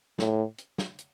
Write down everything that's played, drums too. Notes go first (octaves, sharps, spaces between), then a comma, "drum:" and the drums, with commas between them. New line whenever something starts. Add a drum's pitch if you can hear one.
A2, drum: snare
drum: hi-hat
drum: snare
drum: hi-hat